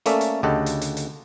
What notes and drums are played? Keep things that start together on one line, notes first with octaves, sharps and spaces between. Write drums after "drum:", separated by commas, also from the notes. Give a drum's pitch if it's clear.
A3 A#3 C#4 A4 D5 E5, drum: hi-hat
drum: hi-hat
D2 C#3 G4 A4 D#5 F#5
drum: hi-hat
drum: hi-hat
drum: hi-hat